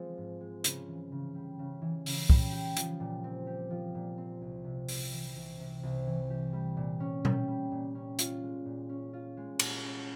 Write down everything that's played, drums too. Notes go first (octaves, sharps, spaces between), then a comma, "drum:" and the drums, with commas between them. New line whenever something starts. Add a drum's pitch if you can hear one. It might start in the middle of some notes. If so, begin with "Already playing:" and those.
Already playing: F3 G#3 C4
G#2
G#3
C#3, drum: hi-hat
E3
C#3
G3
C#3
E3
C#3, drum: open hi-hat
G3, drum: kick
G4
F3, drum: hi-hat
A#2
C4
G4
F3
A#2
C4
C2
C3
C2, drum: open hi-hat
E3
C2
C3
C2
E3
G4
G3
A#2
C#4
G4, drum: tom B2
G3
A#2
C#4
F4, drum: hi-hat
G#3
A#2
C#4
F4
G#3
A#2, drum: cymbal
C#4